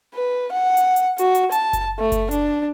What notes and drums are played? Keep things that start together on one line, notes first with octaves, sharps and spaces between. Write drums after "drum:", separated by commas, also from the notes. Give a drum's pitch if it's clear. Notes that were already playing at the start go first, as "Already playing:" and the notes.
B4
F#5
drum: hi-hat
drum: hi-hat
F#4, drum: hi-hat
drum: hi-hat
A5, drum: hi-hat
drum: kick F#1, hi-hat
A3
drum: kick F#1, hi-hat
D4, drum: hi-hat